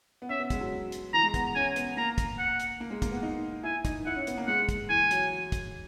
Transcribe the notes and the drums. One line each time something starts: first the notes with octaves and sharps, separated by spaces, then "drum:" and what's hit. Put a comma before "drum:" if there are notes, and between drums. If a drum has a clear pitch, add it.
B3
C#4 E5
B3
G#3, drum: kick, hi-hat
F#3
drum: hi-hat
E3 A#5
G#3
B3, drum: kick, hi-hat
C#4 G#5
B3, drum: hi-hat
A#3 A#5
drum: kick, hi-hat
F#5
drum: hi-hat
A#3
G#3
A#3, drum: kick, hi-hat
B3
D#4
E4 G#5
D#4, drum: kick, hi-hat
E4 F#5
C#4
B3, drum: hi-hat
A#3
G#3 F#5
drum: kick, hi-hat
E3 G#5
F#3, drum: hi-hat
drum: kick, hi-hat